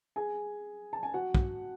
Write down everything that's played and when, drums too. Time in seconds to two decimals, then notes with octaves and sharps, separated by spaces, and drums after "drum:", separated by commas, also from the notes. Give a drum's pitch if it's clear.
0.16 G#4 G#5
0.93 A5
1.03 G#5
1.14 F#4 F#5
1.35 drum: kick